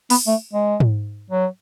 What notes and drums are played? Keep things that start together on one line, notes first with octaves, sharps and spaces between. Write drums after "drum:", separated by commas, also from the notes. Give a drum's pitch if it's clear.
B3, drum: open hi-hat
A3
G#3
drum: tom G#2
F#3